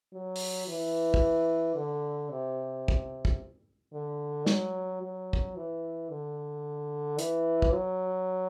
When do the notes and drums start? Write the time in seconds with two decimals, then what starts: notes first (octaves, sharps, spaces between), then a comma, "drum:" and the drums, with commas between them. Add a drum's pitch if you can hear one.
0.13 F#3
0.36 drum: open hi-hat
0.68 E3
1.14 drum: kick
1.76 D3
2.30 C3
2.88 drum: kick
3.25 drum: kick
3.93 D3
4.46 F#3, drum: snare
5.02 F#3
5.33 drum: kick
5.56 E3
6.10 D3
7.19 E3, drum: hi-hat
7.62 drum: kick
7.72 F#3